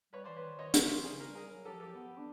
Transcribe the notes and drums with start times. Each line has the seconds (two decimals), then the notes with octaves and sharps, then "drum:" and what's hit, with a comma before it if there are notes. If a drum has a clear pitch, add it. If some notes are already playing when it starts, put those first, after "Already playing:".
0.13 G3 B4 C#5
0.24 C5 D5
0.28 E3
0.36 B4 C#5
0.44 D#3
0.59 D#3 C#5 D#5
0.74 A#4 C5, drum: hi-hat
0.82 D3
1.04 C#3 G#4 A#4
1.19 G#4 A#4
1.28 G3
1.35 G#4 A#4
1.50 F#3
1.65 G4 A4
1.72 F3
1.80 G4 A4
1.95 B3
2.18 D4